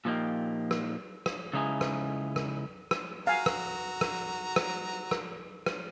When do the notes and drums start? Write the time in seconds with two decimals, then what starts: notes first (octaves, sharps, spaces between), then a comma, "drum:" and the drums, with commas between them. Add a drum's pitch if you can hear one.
0.05 A#2 F3 A3 A#3 D#4 G4
0.71 drum: rim click
1.26 drum: rim click
1.53 C#3 G#3 D#4 E4 G#5
1.81 drum: rim click
2.36 drum: rim click
2.91 drum: rim click
3.27 F#4 F5 G#5 A#5
3.46 drum: rim click
4.01 drum: rim click
4.56 drum: rim click
5.11 drum: rim click
5.66 drum: rim click